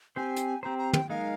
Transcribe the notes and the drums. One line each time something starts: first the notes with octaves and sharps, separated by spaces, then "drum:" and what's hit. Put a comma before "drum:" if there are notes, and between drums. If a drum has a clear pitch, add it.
C4 G4 C5 G#5
drum: hi-hat
C4 G4 C5 A#5
A#5
G5, drum: tom
G#3 D#4 A#4 F5